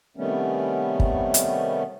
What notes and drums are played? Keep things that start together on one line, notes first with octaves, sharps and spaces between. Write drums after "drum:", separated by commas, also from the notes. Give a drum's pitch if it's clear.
C3 D#3 G3 A3 B3 C#4
drum: kick
drum: hi-hat